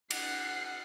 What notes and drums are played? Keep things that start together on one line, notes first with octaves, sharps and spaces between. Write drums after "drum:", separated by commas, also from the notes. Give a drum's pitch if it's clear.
F#5 C7, drum: cymbal